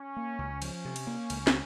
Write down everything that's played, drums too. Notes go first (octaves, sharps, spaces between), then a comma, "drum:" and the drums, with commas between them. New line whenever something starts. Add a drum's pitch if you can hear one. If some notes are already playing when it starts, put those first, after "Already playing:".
Already playing: C#4
A#3
C#2
F3 C#4, drum: cymbal
C3
drum: cymbal
A#3
C#2, drum: cymbal
drum: snare